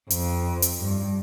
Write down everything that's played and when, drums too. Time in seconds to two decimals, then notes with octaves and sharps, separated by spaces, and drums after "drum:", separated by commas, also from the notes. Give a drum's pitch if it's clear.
0.10 F2, drum: hi-hat
0.62 drum: hi-hat
0.79 G2